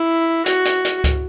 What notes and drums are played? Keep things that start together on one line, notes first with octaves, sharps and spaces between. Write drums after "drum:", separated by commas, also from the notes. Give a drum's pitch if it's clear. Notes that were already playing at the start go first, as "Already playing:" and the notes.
Already playing: E4
F#4, drum: hi-hat
drum: hi-hat
drum: hi-hat
drum: kick C#2, hi-hat